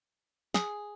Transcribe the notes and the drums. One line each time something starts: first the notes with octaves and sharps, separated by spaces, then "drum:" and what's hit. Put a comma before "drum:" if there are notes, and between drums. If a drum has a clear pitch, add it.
G#4, drum: snare